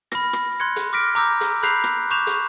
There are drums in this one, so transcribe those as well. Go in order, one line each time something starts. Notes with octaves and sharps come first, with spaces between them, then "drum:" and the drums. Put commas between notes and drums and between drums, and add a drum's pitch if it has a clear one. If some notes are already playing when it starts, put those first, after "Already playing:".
B5 F6 A#6, drum: rim click
drum: rim click
C6 F#6 G#6 C#7
drum: hi-hat
D6 F6 A#6 B6 D7
A#5 D6 E6 G6 A#6
drum: hi-hat
B5 F#6 G6 B6 C7 F7, drum: hi-hat
drum: rim click
C#6 D6 F#6 G6 E7 F7
drum: hi-hat